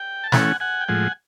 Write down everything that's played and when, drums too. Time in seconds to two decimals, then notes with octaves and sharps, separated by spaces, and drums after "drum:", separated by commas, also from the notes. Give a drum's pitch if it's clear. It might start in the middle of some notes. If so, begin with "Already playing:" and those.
Already playing: G5
0.24 A5
0.32 E3 A3 C#4 F#5 G#5, drum: snare
0.60 F#5 G#5
0.81 G5
0.88 A2 F3 G#3 F#5 G#5